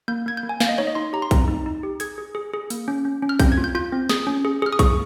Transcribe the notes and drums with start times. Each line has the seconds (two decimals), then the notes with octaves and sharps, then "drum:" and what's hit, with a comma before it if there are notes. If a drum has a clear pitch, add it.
0.08 A#3 G6
0.26 A#3 G#6
0.37 G6
0.43 A#3
0.49 G#5
0.60 A#3 F5, drum: snare
0.69 D#5
0.78 D#4 C#5
0.87 D#5
0.95 D#4 C6
1.13 G4 A#5
1.22 C6
1.31 C4 A#5, drum: kick A#1, hi-hat
1.48 D#4
1.66 D#4
1.83 G4
2.00 G#4 G#6, drum: hi-hat
2.18 G#4
2.35 G#4
2.53 G#4
2.70 A#3, drum: hi-hat
2.88 C#4
3.05 C#4
3.22 C#4
3.29 F6
3.39 C4 G6, drum: kick A#1, hi-hat
3.52 G#6
3.58 F4
3.64 G6
3.75 F4 G6
3.92 C4
4.09 G#4 D#6, drum: snare
4.27 C#4
4.45 G#4
4.62 G#4 F6
4.73 D#6
4.79 G#4 C#6, drum: kick A#1, hi-hat